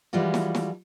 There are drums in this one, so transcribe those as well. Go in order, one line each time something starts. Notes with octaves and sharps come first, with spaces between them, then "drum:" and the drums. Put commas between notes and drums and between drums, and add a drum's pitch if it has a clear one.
E3 F3 G3 G#3 F4 F#4
drum: snare
drum: snare